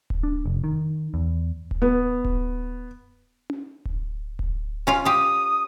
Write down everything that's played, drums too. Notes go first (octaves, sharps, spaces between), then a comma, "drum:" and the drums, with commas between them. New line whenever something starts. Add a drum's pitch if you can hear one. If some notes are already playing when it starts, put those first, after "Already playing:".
drum: kick D1
D4
F1
D#3
E2
drum: kick D1
B3
drum: kick D1
drum: tom C#4
drum: kick D1
drum: kick D1
C#4 F4 F5
F4 G4 D#6